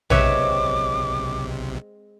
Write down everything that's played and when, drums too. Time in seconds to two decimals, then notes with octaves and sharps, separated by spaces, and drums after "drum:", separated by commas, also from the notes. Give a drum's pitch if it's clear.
0.10 B1 C3 G#3 C4 B4 C#5 E5 D6, drum: tom A#1